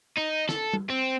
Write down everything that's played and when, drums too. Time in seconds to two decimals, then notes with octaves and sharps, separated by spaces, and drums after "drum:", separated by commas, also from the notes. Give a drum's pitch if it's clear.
0.17 D#4
0.49 A4, drum: snare
0.73 drum: tom
0.90 C4